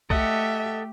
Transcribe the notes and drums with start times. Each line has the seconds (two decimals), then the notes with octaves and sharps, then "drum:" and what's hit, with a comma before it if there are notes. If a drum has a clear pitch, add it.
0.10 A3 G4 A4 D#5 E5 F#5, drum: kick